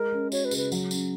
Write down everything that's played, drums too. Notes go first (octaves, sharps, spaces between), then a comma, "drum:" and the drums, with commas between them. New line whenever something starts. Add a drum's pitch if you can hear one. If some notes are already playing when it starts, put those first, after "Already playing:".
Already playing: G#3 A#4
C#4
F#4 C#5, drum: tambourine
B4
C#3, drum: tambourine
B4
F#3, drum: tambourine
C#4, drum: tambourine